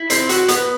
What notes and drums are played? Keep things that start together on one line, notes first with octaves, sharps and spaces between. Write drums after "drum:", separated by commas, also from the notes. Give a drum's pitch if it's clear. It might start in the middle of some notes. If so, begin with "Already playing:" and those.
Already playing: E4
C4, drum: hi-hat
F#4, drum: hi-hat
B3, drum: hi-hat